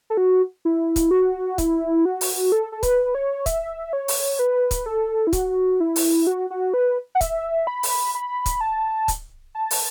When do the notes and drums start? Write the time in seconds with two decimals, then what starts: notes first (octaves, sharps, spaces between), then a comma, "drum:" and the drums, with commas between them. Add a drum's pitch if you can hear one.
0.10 A4
0.17 F#4
0.65 E4
0.96 drum: kick C#1, hi-hat
1.11 F#4
1.58 E4, drum: kick C#1, hi-hat
2.05 F#4
2.21 drum: open hi-hat
2.52 A4
2.72 A4
2.83 B4, drum: kick C#1, hi-hat
3.15 C#5
3.46 E5, drum: kick C#1, hi-hat
3.93 C#5
4.08 drum: open hi-hat
4.39 B4
4.71 drum: kick C#1, hi-hat
4.86 A4
5.27 E4
5.33 F#4, drum: kick C#1, hi-hat
5.80 E4
5.96 drum: open hi-hat
6.27 F#4
6.50 F#4
6.74 B4
7.15 F#5
7.21 E5, drum: kick C#1, hi-hat
7.67 B5
7.83 drum: open hi-hat
8.15 B5
8.46 drum: kick C#1, hi-hat
8.61 A5
9.08 drum: kick C#1, hi-hat
9.55 A5
9.71 drum: open hi-hat